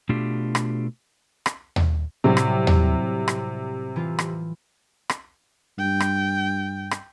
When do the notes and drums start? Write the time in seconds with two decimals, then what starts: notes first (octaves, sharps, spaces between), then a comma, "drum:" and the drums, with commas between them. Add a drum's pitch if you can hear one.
0.09 B2 A3 D4 F4 G4
0.55 drum: rim click
1.46 drum: rim click
1.76 drum: tom D#2
2.24 A2 C3 F#3 G3
2.37 drum: rim click
2.67 drum: tom D#2
3.28 drum: rim click
3.96 E3 F4
4.19 drum: rim click
5.09 drum: rim click
5.78 G2 G5
6.00 drum: rim click
6.91 drum: rim click